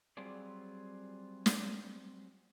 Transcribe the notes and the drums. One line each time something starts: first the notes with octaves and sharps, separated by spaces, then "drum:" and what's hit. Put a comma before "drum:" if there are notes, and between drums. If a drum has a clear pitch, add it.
F#3 G3 C4 F4 G#4 D5
drum: snare